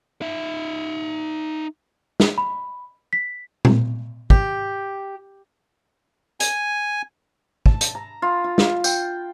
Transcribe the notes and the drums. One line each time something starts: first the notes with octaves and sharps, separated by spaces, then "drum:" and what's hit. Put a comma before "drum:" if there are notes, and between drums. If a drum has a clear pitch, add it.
D#4 E5
drum: snare
B5
B6
drum: tom A#2
G4, drum: kick
G#5, drum: hi-hat
A5, drum: kick
drum: hi-hat
A#5
F4
F4
F4, drum: snare
G5, drum: tambourine